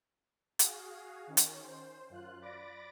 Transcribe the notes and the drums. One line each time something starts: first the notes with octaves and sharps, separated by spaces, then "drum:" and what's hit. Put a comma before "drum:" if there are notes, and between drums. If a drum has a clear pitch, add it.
F#4 G#4 F5, drum: hi-hat
D#3 C#4
drum: hi-hat
C5
F#2 F4 F#6
D5 B5 A6 A#6 D7